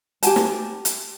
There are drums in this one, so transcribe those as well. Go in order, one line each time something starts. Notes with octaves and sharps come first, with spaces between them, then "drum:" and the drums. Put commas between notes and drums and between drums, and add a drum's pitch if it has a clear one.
G4 G#5 A5, drum: hi-hat
drum: snare
drum: hi-hat